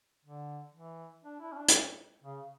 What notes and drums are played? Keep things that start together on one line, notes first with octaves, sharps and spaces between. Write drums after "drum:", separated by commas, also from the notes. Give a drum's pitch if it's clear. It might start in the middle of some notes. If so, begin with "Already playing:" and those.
D3
E3
D4
E4
C#4
D4
drum: hi-hat
C#3